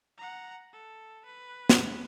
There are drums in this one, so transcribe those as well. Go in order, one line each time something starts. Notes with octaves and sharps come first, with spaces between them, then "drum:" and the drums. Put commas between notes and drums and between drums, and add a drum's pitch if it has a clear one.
F#5 A#5
A4
B4
drum: snare